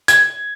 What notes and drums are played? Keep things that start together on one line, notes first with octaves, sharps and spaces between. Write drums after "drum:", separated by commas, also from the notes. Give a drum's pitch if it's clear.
G#6, drum: hi-hat